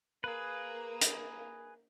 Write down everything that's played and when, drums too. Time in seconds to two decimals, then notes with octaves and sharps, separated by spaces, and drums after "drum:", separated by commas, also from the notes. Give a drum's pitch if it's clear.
0.24 A#3 G#4 B4
1.01 drum: hi-hat